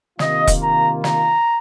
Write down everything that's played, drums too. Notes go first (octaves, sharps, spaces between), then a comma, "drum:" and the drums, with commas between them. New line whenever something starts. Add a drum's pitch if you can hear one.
C3 D#3 A#3 F4 D#5, drum: snare
drum: kick E1, hi-hat
A#5
A#5, drum: snare